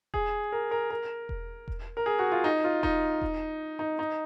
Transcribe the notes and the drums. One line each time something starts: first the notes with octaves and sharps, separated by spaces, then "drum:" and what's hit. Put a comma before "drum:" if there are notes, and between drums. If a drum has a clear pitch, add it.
G#4, drum: kick E1
A#4
A#4
A#4
drum: kick E1
drum: kick E1
A#4
G#4
F#4
F4
D#4
F4
D#4, drum: kick E1
drum: kick E1
D#4
D#4